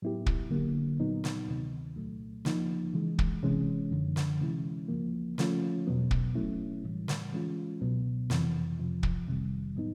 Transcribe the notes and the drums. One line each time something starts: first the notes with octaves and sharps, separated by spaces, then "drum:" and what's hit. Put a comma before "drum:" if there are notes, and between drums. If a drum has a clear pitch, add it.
A2 F#3 B3 E4 G4
drum: kick
D3 F#3 A#3
A#2 F#3 B3 D#4
drum: snare
D2 C3 D#3
C2 A#2 F#3 A3
C#2 C#3 F3 A#3 D#4, drum: snare
C#3 E3 G#3
drum: kick
C3 E3 G#3 C#4
F#2 D3 F3
drum: snare
C3 E3 G#3 C#4 E4
C#2 C#3 F3 A#3
F3 A3 C#4 F4, drum: snare
E2 B2 F#3 B3
drum: kick
F#3 A3 C#4 E4
A2 E3 G3
drum: snare
E3 G#3 C#4 F4
C#2 B2 F#3 B3
F2 C3 E3, drum: snare
F2 C3 F3
drum: kick
F2 C3 D#3 G3
A2 F#3 B3 D#4